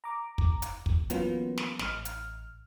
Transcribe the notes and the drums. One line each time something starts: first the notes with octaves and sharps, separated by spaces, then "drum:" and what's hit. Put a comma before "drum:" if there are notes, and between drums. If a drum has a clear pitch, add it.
A#5 D6
drum: kick
drum: hi-hat
drum: kick
E3 F#3 A#3 B3 C#4 F4, drum: hi-hat
drum: snare
A1 F6, drum: snare
drum: hi-hat